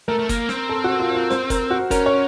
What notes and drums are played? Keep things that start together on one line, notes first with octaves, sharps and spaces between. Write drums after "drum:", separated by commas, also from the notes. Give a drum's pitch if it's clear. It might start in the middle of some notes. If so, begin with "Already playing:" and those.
A3 A#4
A3
A#3, drum: kick, hi-hat
C4, drum: snare
A4
F#4
F4
F4
C5, drum: snare
A#4, drum: kick, hi-hat
F#4
C#4 A#4, drum: kick, hi-hat
C#5